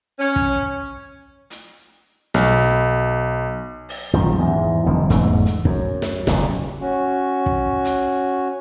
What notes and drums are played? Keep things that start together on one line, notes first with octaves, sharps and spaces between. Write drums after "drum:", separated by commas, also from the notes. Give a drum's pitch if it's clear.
C#4
drum: kick
drum: hi-hat
B1, drum: snare
drum: open hi-hat
A#1 F#2 D#3 F3, drum: kick
E2 G#2
E1 F#2 D3 D#3
F#1 E2 G#2 A3, drum: hi-hat
drum: hi-hat
F#2, drum: kick
drum: snare
F#1 D#2 A#2, drum: snare
C#4 F#4
drum: kick
drum: hi-hat